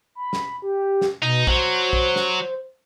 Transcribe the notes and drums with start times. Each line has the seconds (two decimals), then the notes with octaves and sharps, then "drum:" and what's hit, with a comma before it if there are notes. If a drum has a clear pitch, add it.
0.15 B5
0.33 drum: snare
0.62 G4
1.01 drum: snare
1.22 B2 D#4
1.47 F#3 C5, drum: kick
1.93 drum: kick
2.16 drum: snare